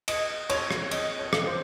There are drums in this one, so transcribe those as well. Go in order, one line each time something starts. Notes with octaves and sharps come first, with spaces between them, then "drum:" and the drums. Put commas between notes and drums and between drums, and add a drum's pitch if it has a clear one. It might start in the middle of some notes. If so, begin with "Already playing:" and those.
D#5, drum: cymbal
C#5, drum: cymbal
drum: rim click
D#5, drum: cymbal
C#5
drum: rim click
C5